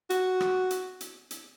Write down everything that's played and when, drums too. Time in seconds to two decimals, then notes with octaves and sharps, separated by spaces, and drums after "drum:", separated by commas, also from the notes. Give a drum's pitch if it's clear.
0.10 F#4, drum: hi-hat
0.40 drum: rim click
0.71 drum: hi-hat
1.01 drum: hi-hat
1.31 drum: hi-hat